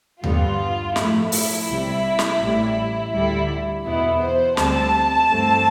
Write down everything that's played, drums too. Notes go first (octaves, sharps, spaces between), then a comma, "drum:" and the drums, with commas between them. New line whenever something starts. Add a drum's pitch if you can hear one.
G2 D3 G3 B3 F4, drum: tom D#2
A2 F3 A3 E4, drum: snare
E4, drum: open hi-hat
C2 C3 G3
drum: snare
A1 A2 G3
D2 D3 G3 E4
E2 B2 B3 E4
C5
D2 D3 G3 C4 A5, drum: snare
G2 E3 A3 C4